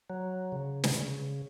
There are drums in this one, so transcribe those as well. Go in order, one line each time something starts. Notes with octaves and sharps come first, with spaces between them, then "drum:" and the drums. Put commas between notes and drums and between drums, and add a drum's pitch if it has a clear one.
F#3
C#3
drum: snare
C#3